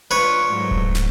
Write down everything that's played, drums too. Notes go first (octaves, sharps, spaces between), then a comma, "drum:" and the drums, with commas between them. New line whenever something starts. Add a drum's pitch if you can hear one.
D4 F4 B4 C#5
G#2 F#3 A3
drum: kick D1
drum: snare